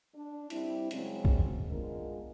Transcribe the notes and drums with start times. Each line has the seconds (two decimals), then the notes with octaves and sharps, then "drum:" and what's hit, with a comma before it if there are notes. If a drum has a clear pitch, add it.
0.14 D4
0.50 G3 C4 E4, drum: hi-hat
0.91 C#3 F#3 G#3 C4, drum: hi-hat
1.25 drum: kick
1.69 G#3 B3 D4 F4 A#4